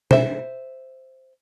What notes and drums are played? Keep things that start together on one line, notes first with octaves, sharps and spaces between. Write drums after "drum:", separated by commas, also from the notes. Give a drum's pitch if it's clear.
C5 E5, drum: tom B2